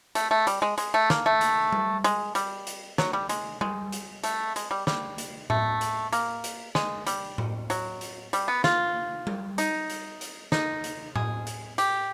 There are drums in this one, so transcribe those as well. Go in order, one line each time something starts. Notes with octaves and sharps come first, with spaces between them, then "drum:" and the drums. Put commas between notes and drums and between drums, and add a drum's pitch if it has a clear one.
A3, drum: hi-hat
A3
G3, drum: hi-hat
G#3
G#3, drum: hi-hat
A3
A#3, drum: snare
A3
drum: hi-hat
drum: tom G3
G#3, drum: hi-hat
G3, drum: hi-hat
drum: hi-hat
F#3, drum: snare
G3
G#3, drum: hi-hat
G#3, drum: tom G3
drum: hi-hat
A3, drum: hi-hat
G#3, drum: hi-hat
G3
G3, drum: snare
drum: hi-hat
A3, drum: tom A2
drum: hi-hat
A#3, drum: hi-hat
drum: hi-hat
G#3, drum: snare
G3, drum: hi-hat
drum: tom A2
F#3, drum: hi-hat
drum: hi-hat
G3, drum: hi-hat
B3
F4, drum: snare
drum: tom G3
D#4, drum: hi-hat
drum: hi-hat
drum: hi-hat
D#4, drum: snare
drum: hi-hat
G#4, drum: tom A2
drum: hi-hat
G4, drum: hi-hat